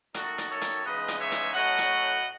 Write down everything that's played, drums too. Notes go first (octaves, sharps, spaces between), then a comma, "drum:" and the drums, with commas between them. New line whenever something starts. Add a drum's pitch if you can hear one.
F#2 D#3 A3 D#4 F#4 A4, drum: hi-hat
drum: hi-hat
A4 C#5
drum: hi-hat
C#3 E3 G#3 B3 D#4 B4 D#5
drum: hi-hat
C#5 E5
drum: hi-hat
A2 F#3 A3 C#4 D#5 F#5
drum: hi-hat